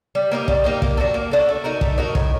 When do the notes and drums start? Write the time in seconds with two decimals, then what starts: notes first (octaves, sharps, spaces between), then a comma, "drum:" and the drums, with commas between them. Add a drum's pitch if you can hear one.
0.15 G3
0.32 A#3 D#4 G4
0.48 G3, drum: kick
0.64 A#3 D#4 G4
0.82 A#3, drum: kick
0.97 D4 F#4 A4
1.14 A#3
1.32 D4 F#4 A4
1.49 A3
1.64 D#4 F#4 A#4
1.81 A3, drum: kick
1.98 D#4 F#4 A#4
2.15 A2, drum: kick